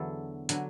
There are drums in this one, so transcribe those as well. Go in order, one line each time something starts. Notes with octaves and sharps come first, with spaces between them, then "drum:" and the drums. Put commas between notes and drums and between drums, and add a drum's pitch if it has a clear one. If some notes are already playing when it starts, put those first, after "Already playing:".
Already playing: E2 D3 F#3 A4
D3 F#3, drum: hi-hat